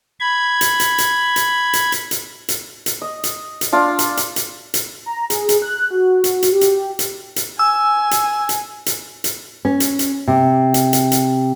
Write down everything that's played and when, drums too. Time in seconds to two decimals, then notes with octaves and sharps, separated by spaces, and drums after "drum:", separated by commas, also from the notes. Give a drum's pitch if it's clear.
0.20 B5 G#6
0.61 drum: hi-hat
0.80 drum: hi-hat
0.98 drum: hi-hat
1.36 drum: hi-hat
1.73 drum: hi-hat
1.92 drum: hi-hat
2.11 drum: hi-hat
2.48 drum: hi-hat
2.86 drum: hi-hat
3.02 D#5
3.24 drum: hi-hat
3.61 drum: hi-hat
3.72 D4 F4 D5
3.99 drum: hi-hat
4.17 drum: hi-hat
4.36 drum: hi-hat
4.74 drum: hi-hat
5.06 A#5
5.30 G#4, drum: hi-hat
5.49 drum: hi-hat
5.62 F#6
5.91 F#4
6.24 drum: hi-hat
6.42 drum: hi-hat
6.52 G4
6.61 drum: hi-hat
6.99 drum: hi-hat
7.36 drum: hi-hat
7.59 G#5 E6
8.11 drum: hi-hat
8.49 drum: hi-hat
8.86 drum: hi-hat
9.24 drum: hi-hat
9.65 C#4
9.80 drum: hi-hat
9.99 drum: hi-hat
10.28 C3
10.74 drum: hi-hat
10.93 drum: hi-hat
11.12 drum: hi-hat